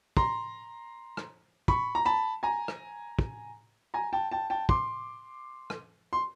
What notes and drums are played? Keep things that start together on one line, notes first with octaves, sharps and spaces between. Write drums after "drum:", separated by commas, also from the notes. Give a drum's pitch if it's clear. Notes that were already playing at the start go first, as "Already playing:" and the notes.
A#5 C6, drum: kick
drum: rim click
B5 C#6, drum: kick
A#5
A5 B5
G#5 A#5
drum: rim click
drum: kick
G#5 A#5
G5 A5
G5 A5
G5 A5
C6 D6, drum: kick
drum: rim click
C6